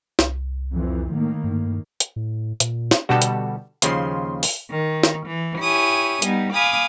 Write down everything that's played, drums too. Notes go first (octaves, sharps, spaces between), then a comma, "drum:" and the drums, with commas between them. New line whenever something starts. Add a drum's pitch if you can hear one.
C2, drum: snare
F2 E3 F3
A2 D#3 A#3
G2
drum: hi-hat
A2
A#2, drum: hi-hat
drum: snare
B2 D3 G3 F#4 A4
drum: hi-hat
D#2 C#3 F3 C6, drum: hi-hat
drum: open hi-hat
D#3
drum: snare
E3
E4 G4 C#5 G#5 D#6
G3 B3 D#4, drum: hi-hat
F5 G#5 B5 D6 D#6